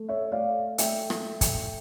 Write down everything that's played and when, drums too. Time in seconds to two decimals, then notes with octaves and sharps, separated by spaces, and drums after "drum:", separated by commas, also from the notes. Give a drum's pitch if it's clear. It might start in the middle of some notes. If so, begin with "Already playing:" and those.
Already playing: A3
0.09 C#5 E5
0.32 A3 D5 F5
0.78 A3 E5 G5, drum: hi-hat
1.10 drum: rim click
1.41 drum: kick, hi-hat